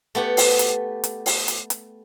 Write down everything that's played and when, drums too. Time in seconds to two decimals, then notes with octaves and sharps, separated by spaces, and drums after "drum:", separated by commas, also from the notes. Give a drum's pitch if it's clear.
0.15 A3 B3 G4 F#5
0.37 drum: open hi-hat
0.59 drum: hi-hat
1.04 drum: hi-hat
1.26 drum: open hi-hat
1.48 drum: hi-hat
1.70 drum: hi-hat